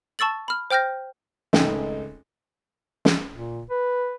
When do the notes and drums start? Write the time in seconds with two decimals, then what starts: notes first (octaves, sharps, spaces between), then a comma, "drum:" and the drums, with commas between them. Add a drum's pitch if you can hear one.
0.19 A5 C#6 E6 A6 F#7
0.48 B5 F6
0.71 C5 G5 F6 G6 A#6
1.53 G#1 C#2 A3 D#4 G5, drum: snare
3.05 drum: snare
3.32 A#2
3.70 B4